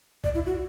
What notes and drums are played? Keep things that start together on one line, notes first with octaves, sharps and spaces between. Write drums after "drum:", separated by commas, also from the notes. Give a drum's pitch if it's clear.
D5, drum: kick B1
E4
F#4